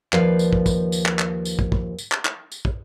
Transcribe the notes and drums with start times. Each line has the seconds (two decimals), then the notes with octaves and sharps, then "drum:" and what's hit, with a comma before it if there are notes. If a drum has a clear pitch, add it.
0.13 D#2 F3 B4 D5 F5, drum: clap
0.39 drum: tambourine
0.53 drum: kick
0.66 drum: kick, tambourine
0.92 drum: tambourine
1.06 drum: clap
1.19 drum: clap
1.45 drum: tambourine
1.59 drum: kick
1.72 drum: kick
1.99 drum: tambourine
2.12 drum: clap
2.25 drum: clap
2.52 drum: tambourine
2.65 drum: kick